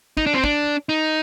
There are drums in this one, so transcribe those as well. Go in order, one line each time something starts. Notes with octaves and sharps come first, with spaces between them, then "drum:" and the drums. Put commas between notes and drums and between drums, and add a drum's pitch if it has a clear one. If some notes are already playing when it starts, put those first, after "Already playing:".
D#4, drum: kick
D4
C4
D4, drum: kick
D#4